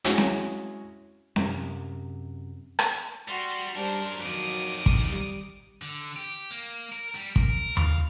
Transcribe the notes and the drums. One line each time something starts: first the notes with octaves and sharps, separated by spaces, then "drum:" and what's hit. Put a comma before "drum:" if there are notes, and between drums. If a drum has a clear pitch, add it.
G#3 C#4 E4 F#4, drum: hi-hat
drum: snare C4
F#2 C3, drum: snare C4
drum: rim click
G3 F#4 C6
F#2 G3 D4 A#4 C5
F2 D#3 F#3 D6 D#6
drum: kick
G3
D3
G4
A#3
A#4
G3
A#4, drum: kick
F5, drum: tom D#2